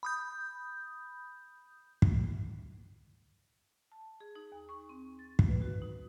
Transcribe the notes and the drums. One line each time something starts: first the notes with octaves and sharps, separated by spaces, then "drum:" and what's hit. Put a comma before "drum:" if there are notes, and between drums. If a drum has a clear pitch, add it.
B5 D#6 G6
drum: kick
A5
G#4
D#4
D#2
C#6
C4
A6
drum: kick
B4
F#4
D#4